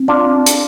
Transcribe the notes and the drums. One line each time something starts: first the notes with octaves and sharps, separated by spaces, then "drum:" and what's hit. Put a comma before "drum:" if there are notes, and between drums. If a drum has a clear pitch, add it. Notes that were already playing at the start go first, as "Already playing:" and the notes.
Already playing: C4
D4 F4
drum: hi-hat